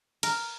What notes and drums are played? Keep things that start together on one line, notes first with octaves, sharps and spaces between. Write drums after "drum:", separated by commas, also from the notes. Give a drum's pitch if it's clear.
A#4, drum: cymbal